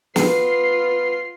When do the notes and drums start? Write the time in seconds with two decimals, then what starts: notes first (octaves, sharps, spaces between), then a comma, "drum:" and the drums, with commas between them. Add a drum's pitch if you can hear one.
0.16 B3 F4 C7, drum: snare